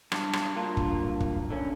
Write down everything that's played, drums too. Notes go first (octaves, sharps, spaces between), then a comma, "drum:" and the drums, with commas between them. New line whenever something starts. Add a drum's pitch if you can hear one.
G2, drum: rim click
drum: rim click
G2 A#3 F4
drum: kick
drum: kick
D3 C#4